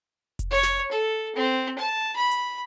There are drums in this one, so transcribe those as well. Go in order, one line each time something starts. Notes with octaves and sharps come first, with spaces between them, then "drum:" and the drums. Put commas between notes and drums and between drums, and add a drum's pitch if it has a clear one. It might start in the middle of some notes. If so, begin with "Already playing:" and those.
drum: kick F1, hi-hat
C#5
drum: snare
A4
C4
A5
B5
drum: hi-hat